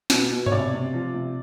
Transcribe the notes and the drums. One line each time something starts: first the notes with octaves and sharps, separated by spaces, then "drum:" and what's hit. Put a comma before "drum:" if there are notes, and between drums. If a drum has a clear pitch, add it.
B2, drum: snare
B2
C#5, drum: tom G2
C3 D5
C3
F3
C3